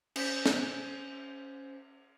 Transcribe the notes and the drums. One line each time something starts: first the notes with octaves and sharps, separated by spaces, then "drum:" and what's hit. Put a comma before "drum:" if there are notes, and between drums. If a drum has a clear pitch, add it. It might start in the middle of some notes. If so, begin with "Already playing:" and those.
C#4 C5 G6 B6, drum: cymbal
drum: snare